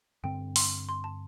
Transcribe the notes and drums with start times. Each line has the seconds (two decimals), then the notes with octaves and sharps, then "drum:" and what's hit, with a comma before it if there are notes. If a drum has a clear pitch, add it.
0.24 G2 D3 C4 G5
0.56 C6, drum: open hi-hat
0.89 C6
1.04 A5